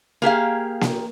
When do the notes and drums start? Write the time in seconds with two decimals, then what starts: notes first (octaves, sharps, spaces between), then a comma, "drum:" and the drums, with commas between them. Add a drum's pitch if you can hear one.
0.22 A#3 G4 G#4 F5
0.81 drum: snare A#3